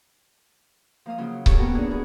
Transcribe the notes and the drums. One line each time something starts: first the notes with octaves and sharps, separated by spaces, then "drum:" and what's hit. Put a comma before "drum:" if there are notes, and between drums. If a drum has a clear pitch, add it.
F3 A#3 F5 D#6
C#3 F#3 F4
C4 C#4 G4 A4 C#5, drum: kick C#1
A#3 B3 F#4 G4 A#4
E2 D4 G#4
B3 G#4